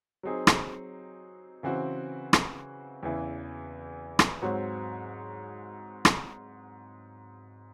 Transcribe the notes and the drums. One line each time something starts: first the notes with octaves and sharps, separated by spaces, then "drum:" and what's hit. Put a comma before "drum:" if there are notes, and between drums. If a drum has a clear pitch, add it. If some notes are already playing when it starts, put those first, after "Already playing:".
F#3 C4 D#4 G#4
drum: rim click
C#3 E3 C4 F#4
drum: rim click
E2 C#3 E3
drum: rim click
G#2 F#3 C4 F#4 C#5
drum: rim click